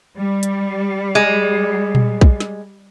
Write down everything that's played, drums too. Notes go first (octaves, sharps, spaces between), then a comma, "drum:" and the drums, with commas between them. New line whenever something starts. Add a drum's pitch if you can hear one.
G3
drum: hi-hat
G#3
drum: tom A#2
drum: kick
drum: snare